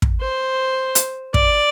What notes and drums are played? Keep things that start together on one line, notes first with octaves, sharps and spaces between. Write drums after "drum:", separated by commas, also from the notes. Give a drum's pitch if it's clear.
drum: kick
C5
drum: hi-hat
D5, drum: kick